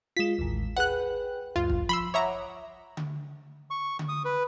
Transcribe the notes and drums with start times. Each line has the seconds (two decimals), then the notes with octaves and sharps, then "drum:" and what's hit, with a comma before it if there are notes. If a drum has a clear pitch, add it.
0.17 G#3 F4 B6 E7
0.38 A1 D#2
0.77 G#4 B4 F#5 G5 F#6
1.56 D2 G2 F4
1.70 drum: kick
1.89 F3 B5 C6 E6
2.14 C#5 E5 F#5 A#5 D6 D#6
2.97 drum: tom D3
3.71 C#6
3.99 drum: tom D3
4.09 D#6
4.25 B4